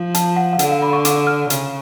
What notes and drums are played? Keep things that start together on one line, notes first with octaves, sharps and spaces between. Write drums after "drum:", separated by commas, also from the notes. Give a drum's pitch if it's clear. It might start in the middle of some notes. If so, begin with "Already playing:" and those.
Already playing: F3
A5, drum: hi-hat
F#5
F5
D3 F#5, drum: hi-hat
F5
B5
C#6
D6, drum: hi-hat
F6
C#3, drum: hi-hat